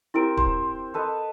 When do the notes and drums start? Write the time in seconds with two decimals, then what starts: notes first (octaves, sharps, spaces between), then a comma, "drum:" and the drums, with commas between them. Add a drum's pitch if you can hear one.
0.14 C4 E4 G4 A#4 C5 D7
0.37 C5, drum: kick
0.94 A4 B4 D#5